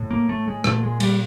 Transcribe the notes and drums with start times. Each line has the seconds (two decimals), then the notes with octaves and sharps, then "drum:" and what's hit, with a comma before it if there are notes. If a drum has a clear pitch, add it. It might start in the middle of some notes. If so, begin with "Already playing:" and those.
Already playing: A2
0.11 A#3
0.29 A3
0.48 G#3
0.64 A#2 A3, drum: rim click
0.83 G#3
1.00 G3, drum: cymbal